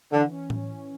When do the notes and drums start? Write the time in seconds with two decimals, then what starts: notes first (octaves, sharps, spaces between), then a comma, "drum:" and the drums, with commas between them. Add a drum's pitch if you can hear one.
0.11 D3 E3
0.31 C#4
0.50 drum: tom A2